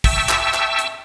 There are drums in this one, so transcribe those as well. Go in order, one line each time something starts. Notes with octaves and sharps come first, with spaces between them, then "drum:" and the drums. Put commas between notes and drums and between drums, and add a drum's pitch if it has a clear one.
E5 G5 A5 C#6 E6, drum: kick, open hi-hat
drum: clap
drum: clap
drum: hi-hat